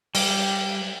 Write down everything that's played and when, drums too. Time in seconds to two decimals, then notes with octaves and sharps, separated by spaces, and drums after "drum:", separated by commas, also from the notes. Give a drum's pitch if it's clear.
0.15 G3, drum: open hi-hat